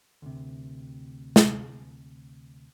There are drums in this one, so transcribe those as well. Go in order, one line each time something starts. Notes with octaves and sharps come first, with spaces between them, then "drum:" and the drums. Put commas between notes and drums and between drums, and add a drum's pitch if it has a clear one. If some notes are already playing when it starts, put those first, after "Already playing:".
D2 C3
drum: snare